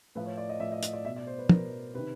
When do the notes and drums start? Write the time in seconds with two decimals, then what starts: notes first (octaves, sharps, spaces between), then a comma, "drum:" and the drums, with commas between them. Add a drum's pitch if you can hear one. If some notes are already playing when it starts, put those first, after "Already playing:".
0.15 A2 F3 B4
0.26 C#5
0.37 D5
0.49 D#5
0.60 A2 F3 E5
0.72 D#5
0.83 D#5, drum: hi-hat
0.93 D5
1.05 B2 E5
1.16 D5
1.27 C5
1.38 B4
1.49 B2 A#4, drum: tom
1.94 C3 D#3 B4